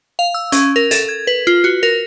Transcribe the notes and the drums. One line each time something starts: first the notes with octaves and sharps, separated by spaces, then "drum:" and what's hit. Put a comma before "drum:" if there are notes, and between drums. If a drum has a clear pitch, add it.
F5
E6
C#4, drum: hi-hat
A#4
A4, drum: hi-hat
G#6
B4
F4
F#4
A#4